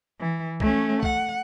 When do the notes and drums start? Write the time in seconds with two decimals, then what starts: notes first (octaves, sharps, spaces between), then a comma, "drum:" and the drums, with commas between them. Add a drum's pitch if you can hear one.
0.20 E3
0.60 A3 C#4, drum: kick
1.03 F#5, drum: kick